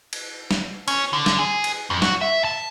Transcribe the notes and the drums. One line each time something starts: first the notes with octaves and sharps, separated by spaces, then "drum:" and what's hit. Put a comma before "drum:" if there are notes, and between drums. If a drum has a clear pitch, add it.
drum: cymbal
drum: snare
C#4, drum: cymbal
D3
drum: snare
G#4
drum: cymbal
F2
F#4, drum: snare
E5
A5